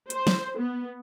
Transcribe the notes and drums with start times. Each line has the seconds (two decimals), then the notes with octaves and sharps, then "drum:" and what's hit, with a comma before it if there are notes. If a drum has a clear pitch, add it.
0.10 C5, drum: hi-hat
0.27 drum: snare
0.59 B3